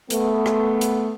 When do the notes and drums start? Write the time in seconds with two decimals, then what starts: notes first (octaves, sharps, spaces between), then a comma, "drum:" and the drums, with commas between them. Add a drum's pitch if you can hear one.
0.10 A3 B3, drum: hi-hat
0.46 drum: rim click
0.81 drum: hi-hat